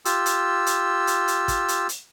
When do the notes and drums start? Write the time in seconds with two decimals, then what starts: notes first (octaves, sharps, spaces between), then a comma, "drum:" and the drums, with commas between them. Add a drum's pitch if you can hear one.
0.05 F4 G4 E6, drum: hi-hat
0.26 drum: hi-hat
0.66 drum: hi-hat
1.07 drum: hi-hat
1.28 drum: hi-hat
1.48 drum: kick, hi-hat
1.68 drum: hi-hat
1.89 drum: hi-hat